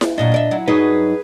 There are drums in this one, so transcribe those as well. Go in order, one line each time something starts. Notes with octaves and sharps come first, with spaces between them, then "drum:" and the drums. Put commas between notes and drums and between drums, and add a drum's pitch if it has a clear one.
drum: snare E4
F#2 A#2 F#3 D4 D#5
A#2 D5 E5
F#3 E4
G2 F#3 D#4 G#4 B4